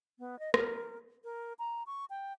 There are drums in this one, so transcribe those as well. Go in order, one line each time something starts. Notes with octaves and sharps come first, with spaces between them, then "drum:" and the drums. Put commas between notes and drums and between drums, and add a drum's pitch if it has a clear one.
B3
D#5
A#4, drum: rim click
A#4
A#5
C#6
G5